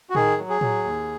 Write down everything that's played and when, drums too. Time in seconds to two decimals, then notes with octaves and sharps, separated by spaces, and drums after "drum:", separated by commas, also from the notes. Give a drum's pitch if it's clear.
0.10 F#4
0.15 D#3 G#4, drum: tom A2
0.38 F#3
0.49 G#4
0.61 F#3, drum: tom A2
0.84 D#2